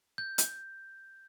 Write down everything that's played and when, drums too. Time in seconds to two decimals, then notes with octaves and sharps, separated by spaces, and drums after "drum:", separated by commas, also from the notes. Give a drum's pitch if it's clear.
0.18 G6
0.38 drum: hi-hat